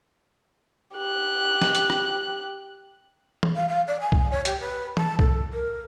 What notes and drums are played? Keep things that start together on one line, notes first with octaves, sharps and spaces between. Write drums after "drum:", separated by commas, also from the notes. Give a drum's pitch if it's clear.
G4 F#6
drum: snare
drum: hi-hat
drum: rim click
drum: tom E3
F5
F5
D5
G#5
drum: kick C2
C#5
G4, drum: hi-hat
B4
A5, drum: tom E3
A4, drum: kick C2
A#4